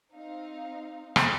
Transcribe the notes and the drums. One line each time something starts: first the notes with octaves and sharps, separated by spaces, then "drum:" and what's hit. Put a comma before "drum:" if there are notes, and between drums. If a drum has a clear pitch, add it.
C4 D#4 F5
drum: rim click